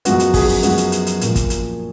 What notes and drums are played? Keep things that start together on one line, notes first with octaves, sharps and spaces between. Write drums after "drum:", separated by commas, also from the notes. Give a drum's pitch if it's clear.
F#2 F3 G#3 B3 F#4, drum: hi-hat
drum: hi-hat
G#4, drum: kick, open hi-hat
drum: open hi-hat
F#2 F3 G#3 B3 F#4, drum: hi-hat
drum: hi-hat
drum: hi-hat
drum: hi-hat
A#2 F3 A#3, drum: hi-hat
drum: kick, hi-hat
drum: hi-hat